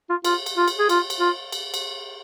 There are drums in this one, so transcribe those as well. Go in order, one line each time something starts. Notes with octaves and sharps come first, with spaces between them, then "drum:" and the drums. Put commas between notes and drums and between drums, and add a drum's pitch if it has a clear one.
F4
F4, drum: cymbal
drum: cymbal
F4
drum: cymbal
G#4
F4, drum: cymbal
drum: cymbal
F4
drum: cymbal
drum: cymbal